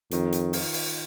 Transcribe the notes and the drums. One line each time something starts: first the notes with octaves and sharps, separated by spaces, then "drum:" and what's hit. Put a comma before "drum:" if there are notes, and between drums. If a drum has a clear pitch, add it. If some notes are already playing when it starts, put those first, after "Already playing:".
F2 D#3, drum: hi-hat
drum: hi-hat
F4, drum: open hi-hat
drum: open hi-hat